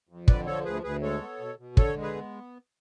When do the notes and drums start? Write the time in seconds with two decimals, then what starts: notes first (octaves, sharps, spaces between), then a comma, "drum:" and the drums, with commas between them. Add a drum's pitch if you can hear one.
0.09 F2
0.28 D3 B4 D5, drum: kick
0.46 F3 A4 C#5
0.65 D2 G#4 B4
0.83 D2 G#4 B4
1.02 G#3 A4 C#5
1.21 B3
1.39 B2
1.59 B2
1.77 D3 A4 C#5, drum: kick
1.96 G#3
2.02 G#4 B4
2.14 B3